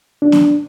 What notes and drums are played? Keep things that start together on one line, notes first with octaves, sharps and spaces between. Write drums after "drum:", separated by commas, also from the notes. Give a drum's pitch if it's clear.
D4
drum: snare B3